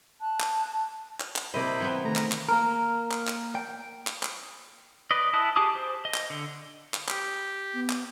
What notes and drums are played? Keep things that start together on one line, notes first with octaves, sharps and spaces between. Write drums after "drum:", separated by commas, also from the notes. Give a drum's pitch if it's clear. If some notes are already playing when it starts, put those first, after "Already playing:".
A5 F#6
drum: clap
drum: clap
drum: clap
C3 A#3 E4 C5 D5 D#5 B5
E3 B3 C4
D#3 A3 A#5
drum: clap
drum: clap
A#3 A#4
drum: clap
drum: clap
G5
drum: clap
drum: clap
B4 D5 D#5
E4 A5 D#6 F#6
G4 G#4 A5 D6 D#6
C5
D#5
drum: clap
D3
drum: clap
G4, drum: clap
B3
drum: clap